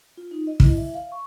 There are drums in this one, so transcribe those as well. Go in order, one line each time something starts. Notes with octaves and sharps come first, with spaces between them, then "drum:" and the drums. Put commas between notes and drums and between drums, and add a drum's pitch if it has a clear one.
F4
D#4
D#5
E4, drum: kick
E5
F5
C#6